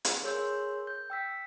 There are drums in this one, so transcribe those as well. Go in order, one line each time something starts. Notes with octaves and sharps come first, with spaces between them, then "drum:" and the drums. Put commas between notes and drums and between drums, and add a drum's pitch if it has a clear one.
drum: hi-hat
G#4 A#4 C#5 C6 E6 G6
G6
G5 E6 B6